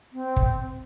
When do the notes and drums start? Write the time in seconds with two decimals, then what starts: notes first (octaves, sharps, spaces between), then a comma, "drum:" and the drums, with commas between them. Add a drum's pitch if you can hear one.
0.13 C4
0.36 drum: kick